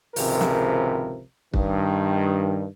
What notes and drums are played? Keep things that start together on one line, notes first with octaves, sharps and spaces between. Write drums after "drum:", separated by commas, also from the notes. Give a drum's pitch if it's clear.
G#1 C#2 C3 F3 A#4 B4, drum: open hi-hat
drum: snare
G2 D#3, drum: kick